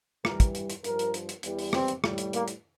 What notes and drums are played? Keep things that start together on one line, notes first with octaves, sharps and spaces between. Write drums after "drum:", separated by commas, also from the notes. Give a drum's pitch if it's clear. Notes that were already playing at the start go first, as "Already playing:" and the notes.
G2 E3 G3 A#4, drum: rim click
drum: kick, hi-hat
drum: hi-hat
drum: hi-hat
G2 F3 A#4, drum: hi-hat
drum: hi-hat
drum: hi-hat
drum: hi-hat
E2 E3 G3, drum: hi-hat
drum: open hi-hat
C4, drum: rim click
drum: hi-hat
A2 G3, drum: rim click
drum: hi-hat
A#3, drum: hi-hat
drum: hi-hat